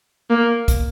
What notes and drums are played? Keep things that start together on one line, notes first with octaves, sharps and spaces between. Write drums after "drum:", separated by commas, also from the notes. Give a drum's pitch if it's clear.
A#3
drum: kick, hi-hat